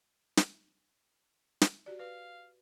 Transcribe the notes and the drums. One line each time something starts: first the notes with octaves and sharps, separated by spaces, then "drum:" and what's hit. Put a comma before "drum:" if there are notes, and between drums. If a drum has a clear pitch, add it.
drum: snare
drum: snare
F#4 G4 D5
B4 F5